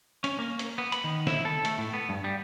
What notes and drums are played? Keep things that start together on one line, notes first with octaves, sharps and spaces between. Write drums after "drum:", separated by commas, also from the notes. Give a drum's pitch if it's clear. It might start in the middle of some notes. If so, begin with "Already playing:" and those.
C#4, drum: hi-hat
A#3
drum: hi-hat
B3
B5, drum: hi-hat
D#3
E4, drum: snare
A4
A3, drum: hi-hat
A2
B3
G2
G3